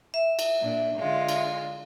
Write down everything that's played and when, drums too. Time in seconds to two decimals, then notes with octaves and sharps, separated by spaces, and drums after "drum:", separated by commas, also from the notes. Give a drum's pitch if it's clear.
0.14 E5
0.39 drum: cymbal
0.61 A#2 D4
0.99 D3 G#3 F4
1.29 drum: cymbal